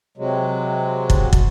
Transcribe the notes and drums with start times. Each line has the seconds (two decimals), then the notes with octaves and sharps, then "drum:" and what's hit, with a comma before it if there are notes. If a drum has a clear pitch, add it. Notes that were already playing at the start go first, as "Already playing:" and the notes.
0.18 C3 F#3 G#3
1.10 drum: kick
1.33 drum: kick